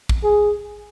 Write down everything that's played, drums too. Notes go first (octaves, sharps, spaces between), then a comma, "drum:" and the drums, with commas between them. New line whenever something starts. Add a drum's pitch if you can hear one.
drum: kick
G#4